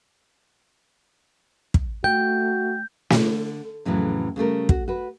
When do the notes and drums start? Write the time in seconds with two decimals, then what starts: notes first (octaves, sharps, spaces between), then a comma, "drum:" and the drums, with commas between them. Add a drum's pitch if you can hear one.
1.74 drum: kick
2.04 A3 F#4 G5 G6
3.10 D3, drum: snare
3.85 F2 A2 C#3 E3 F#3
4.36 C#3 G3 A3 A#4
4.69 F#4, drum: kick
4.88 F#4 B4